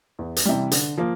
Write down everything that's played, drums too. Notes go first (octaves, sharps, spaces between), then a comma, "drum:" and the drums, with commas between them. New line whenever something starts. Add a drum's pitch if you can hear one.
E2
drum: hi-hat
C3 E3 G3
D3, drum: hi-hat
F3 A#3